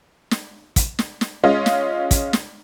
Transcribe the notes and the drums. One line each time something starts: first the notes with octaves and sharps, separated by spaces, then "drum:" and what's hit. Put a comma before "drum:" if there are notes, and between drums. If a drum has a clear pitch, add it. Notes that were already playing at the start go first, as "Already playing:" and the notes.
drum: snare
drum: kick, hi-hat
drum: snare
drum: snare
G#3 C#4 F4 D#5
drum: snare
drum: kick, hi-hat
drum: snare